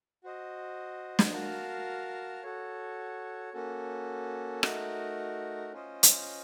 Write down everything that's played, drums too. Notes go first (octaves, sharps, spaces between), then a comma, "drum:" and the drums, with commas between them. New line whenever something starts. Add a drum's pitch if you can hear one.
F#4 C5 D#5
drum: snare
F#4 A#4 F5 A5
F#4 A4 C#5
A#3 C#4 F#4 A4
A3 D#4 F#4 A#4, drum: rim click
C#4 F4 C5 D#5
drum: hi-hat